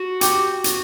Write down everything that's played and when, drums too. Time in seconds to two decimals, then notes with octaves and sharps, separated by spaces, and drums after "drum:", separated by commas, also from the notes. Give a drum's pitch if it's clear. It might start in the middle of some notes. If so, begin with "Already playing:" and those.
Already playing: F#4
0.21 G4, drum: hi-hat
0.64 drum: hi-hat